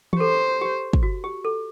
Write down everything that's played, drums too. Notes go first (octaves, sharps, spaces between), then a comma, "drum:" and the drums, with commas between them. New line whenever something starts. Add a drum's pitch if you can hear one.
G4, drum: tom E3
A4 C5
G4
drum: kick
F#4
G4
A4